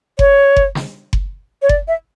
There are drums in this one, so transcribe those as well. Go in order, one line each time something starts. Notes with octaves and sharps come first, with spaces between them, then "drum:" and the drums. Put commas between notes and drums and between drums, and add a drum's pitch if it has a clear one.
C#5, drum: kick F#1
drum: kick F#1
drum: snare
drum: kick F#1
C#5
D5, drum: kick F#1
E5